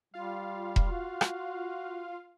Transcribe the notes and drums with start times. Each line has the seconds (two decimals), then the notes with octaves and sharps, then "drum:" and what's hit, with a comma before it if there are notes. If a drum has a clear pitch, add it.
0.14 G3 F4 F5
0.76 drum: kick E1
0.91 F#4
1.21 drum: rim click